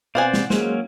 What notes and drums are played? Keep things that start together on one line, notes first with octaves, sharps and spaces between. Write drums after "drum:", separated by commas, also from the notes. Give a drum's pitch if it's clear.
B2 B3 C4 C5 D5 F5 F#5 G#5
drum: snare
F#3 G#3 A#3 C#4 C5, drum: snare